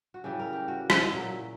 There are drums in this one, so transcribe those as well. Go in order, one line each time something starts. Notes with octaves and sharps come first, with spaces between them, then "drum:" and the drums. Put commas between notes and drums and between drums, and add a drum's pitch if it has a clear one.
F#4
C#3 E3 G3 G4
A#4
G4
F#4
E4, drum: rim click
A#2 F#3